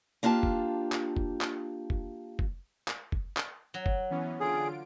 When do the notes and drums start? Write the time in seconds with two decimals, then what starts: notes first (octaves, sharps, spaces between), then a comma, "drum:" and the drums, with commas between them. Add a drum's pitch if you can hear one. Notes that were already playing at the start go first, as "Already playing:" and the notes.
0.23 A#3 D4 F4 G4 A5
0.43 drum: kick
0.92 drum: clap
1.17 drum: kick
1.41 drum: clap
1.90 drum: kick
2.39 drum: kick
2.88 drum: clap
3.12 drum: kick
3.37 drum: clap
3.74 F#3
3.86 drum: kick
4.10 E3 B3 C#4
4.40 D3 F4 G#4 D7